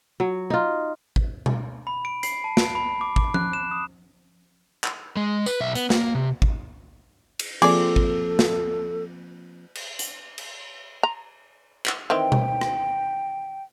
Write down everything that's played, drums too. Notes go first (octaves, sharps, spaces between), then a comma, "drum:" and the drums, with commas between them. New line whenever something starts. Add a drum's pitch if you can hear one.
F#3
D#4 F4
drum: kick G#1
drum: tom B2
B5
D7
C7, drum: hi-hat
A5
D7, drum: snare
B5
D6
D6, drum: kick G#1
F#6, drum: tom F3
E7
D#6
drum: clap
G#3
B4, drum: tambourine
B1 E5
B3, drum: hi-hat
A#3, drum: snare
C3
drum: kick G#1
drum: cymbal
F3 A#3 C4 G#4 A4 D5 D6, drum: cymbal
drum: kick G#1
drum: snare
drum: cymbal
drum: hi-hat
drum: cymbal
A#5
drum: clap
D#3 E3 C4 G5
drum: tom B2
drum: rim click